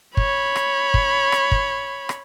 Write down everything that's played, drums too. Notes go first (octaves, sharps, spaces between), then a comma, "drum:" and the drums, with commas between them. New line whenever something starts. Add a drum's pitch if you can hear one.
C#5 B5, drum: kick
drum: rim click
drum: kick
drum: rim click
drum: kick
drum: rim click